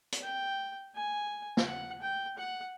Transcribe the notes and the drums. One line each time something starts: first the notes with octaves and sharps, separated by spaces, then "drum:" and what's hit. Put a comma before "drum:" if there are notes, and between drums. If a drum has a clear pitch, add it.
drum: hi-hat
G5
G#5
drum: snare
F#5
G5
F#5